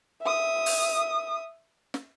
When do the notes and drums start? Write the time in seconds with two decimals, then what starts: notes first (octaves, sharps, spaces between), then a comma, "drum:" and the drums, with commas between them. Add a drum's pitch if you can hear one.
0.22 E5 D#6
0.66 drum: open hi-hat
1.94 drum: snare